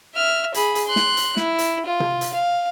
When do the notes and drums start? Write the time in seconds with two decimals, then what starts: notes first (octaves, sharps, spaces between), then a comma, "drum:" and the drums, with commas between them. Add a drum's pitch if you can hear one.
0.14 E5 F6
0.54 G#4 B5, drum: hi-hat
0.75 drum: hi-hat
0.87 C6 F#6
0.96 drum: snare
1.17 drum: hi-hat
1.37 E4, drum: snare
1.59 drum: hi-hat
1.86 F4
2.00 drum: tom C3
2.21 drum: hi-hat
2.33 F5